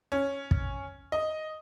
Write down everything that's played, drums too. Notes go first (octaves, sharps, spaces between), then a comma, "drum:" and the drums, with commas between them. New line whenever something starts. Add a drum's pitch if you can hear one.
C#4
drum: kick
D#5